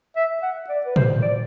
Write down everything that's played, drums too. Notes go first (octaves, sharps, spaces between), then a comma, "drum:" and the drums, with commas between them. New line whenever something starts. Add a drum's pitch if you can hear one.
E5
F#5
D5
B4
C5, drum: tom
D5